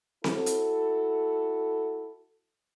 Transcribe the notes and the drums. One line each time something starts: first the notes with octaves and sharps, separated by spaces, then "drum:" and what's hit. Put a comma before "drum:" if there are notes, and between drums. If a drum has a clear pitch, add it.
E4 F#4 A4, drum: snare C4
drum: hi-hat